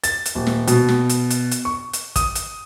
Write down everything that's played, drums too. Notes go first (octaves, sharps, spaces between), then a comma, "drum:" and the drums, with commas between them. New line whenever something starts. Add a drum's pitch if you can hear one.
A6, drum: hi-hat
drum: hi-hat
D#1
drum: snare
B2, drum: hi-hat
drum: snare
drum: hi-hat
drum: hi-hat
drum: hi-hat
C#6
drum: hi-hat
D#6, drum: kick, hi-hat
drum: hi-hat